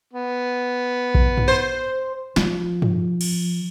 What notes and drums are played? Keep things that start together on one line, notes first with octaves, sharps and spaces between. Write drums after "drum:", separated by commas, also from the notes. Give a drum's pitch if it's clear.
B3
drum: kick A#1
drum: tom
C5
F3, drum: snare
drum: tom
drum: cymbal